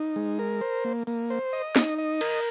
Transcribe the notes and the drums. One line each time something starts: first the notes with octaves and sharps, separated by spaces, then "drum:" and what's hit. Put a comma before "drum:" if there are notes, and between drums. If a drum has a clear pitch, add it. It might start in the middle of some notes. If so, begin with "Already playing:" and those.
Already playing: D#4
G#3
A#4
C5
A#3
A#3
C5
D#5
D#4, drum: snare
D#5
A#4, drum: cymbal